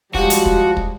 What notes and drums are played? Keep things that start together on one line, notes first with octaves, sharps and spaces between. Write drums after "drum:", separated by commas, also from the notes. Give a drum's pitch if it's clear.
F3 G3 G#3 F#4 G4, drum: kick
drum: hi-hat
drum: kick
drum: kick